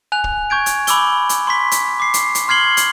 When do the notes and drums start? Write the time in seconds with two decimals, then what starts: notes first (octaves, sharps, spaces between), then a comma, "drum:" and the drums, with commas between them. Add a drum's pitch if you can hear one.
0.12 G#5 F#6 F7
0.24 drum: kick
0.50 C#6 G6 G#6 D7
0.66 drum: hi-hat
0.87 B5 D6 E6 G7, drum: hi-hat
1.29 drum: hi-hat
1.47 C6 C#6 B6
1.71 drum: hi-hat
2.00 D6 C7
2.14 drum: hi-hat
2.35 drum: hi-hat
2.48 C6 F6 G#6 C7 F#7 G7
2.77 drum: hi-hat